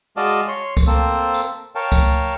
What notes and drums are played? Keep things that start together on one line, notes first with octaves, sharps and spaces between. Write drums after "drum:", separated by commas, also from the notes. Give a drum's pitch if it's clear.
G#3 F#4 D5 D#5 F5 A5
C#5 C6
drum: kick C#2, tambourine
A#3 C4 A4 C5
drum: tambourine
A#4 C#5 F5 G5 A5
drum: kick C#2, tambourine